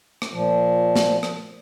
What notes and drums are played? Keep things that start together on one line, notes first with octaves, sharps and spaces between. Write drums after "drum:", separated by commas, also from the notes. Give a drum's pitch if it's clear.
drum: rim click
A#2 F3
drum: snare
drum: rim click